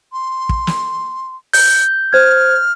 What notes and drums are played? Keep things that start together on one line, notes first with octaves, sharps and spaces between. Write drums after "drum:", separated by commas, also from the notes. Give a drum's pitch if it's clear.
C6
drum: kick
drum: snare
G6, drum: open hi-hat
C5 F6 G#6